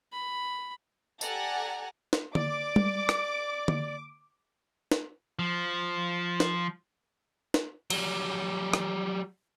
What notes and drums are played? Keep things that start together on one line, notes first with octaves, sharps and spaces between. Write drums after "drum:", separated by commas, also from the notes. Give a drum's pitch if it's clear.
B5
G4 A4 D5 F#5 G#5 A#5, drum: tambourine
drum: snare
D5 D6, drum: tom D3
drum: tom G3
drum: rim click
drum: tom D3
drum: snare
F3
drum: snare
drum: snare
F#3 G3, drum: cymbal
drum: rim click